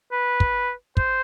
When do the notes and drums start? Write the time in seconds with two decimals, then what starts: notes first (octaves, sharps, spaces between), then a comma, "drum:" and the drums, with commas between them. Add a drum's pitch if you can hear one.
0.12 B4
0.40 drum: kick
0.97 C5, drum: kick